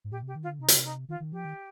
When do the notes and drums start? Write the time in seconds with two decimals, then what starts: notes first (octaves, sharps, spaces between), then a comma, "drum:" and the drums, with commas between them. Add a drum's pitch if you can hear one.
0.04 G#2
0.11 A#2 G4
0.23 C3 G4
0.36 D#3
0.43 F4
0.48 D3
0.59 C3 D#4
0.68 D3, drum: hi-hat
0.77 C3
0.84 D#4
1.09 D#3 F4
1.20 D#3
1.32 F3 G4
1.45 D#3